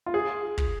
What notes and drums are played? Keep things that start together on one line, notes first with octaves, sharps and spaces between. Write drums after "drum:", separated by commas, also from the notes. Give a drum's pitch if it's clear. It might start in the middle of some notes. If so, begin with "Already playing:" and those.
F4
G#4
drum: kick